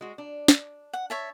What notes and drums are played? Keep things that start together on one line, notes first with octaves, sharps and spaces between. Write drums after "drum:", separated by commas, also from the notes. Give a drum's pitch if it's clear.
G#3 F#4
D4
drum: snare
F#5
C#5 E5 A5